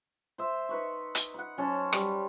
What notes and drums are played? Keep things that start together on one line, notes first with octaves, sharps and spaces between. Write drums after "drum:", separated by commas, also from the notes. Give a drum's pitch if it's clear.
C5 E5
D#4 B4 C#6
drum: hi-hat
F#5 B5
F#3 C#4 C5 A5
G3, drum: rim click